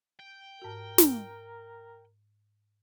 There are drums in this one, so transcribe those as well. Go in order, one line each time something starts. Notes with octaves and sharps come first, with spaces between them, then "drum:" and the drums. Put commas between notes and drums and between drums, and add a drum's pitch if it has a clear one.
G5
G#2 F#4 A#4
drum: snare